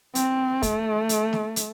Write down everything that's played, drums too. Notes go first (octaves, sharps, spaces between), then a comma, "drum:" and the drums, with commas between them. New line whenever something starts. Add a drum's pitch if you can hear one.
C4, drum: hi-hat
A3, drum: kick, hi-hat
drum: hi-hat
drum: snare
drum: hi-hat